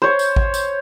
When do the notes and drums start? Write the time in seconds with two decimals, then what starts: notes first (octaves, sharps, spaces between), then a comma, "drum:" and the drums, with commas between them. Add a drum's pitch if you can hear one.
0.02 C5 C#5
0.19 drum: tambourine
0.36 drum: kick A1
0.54 drum: tambourine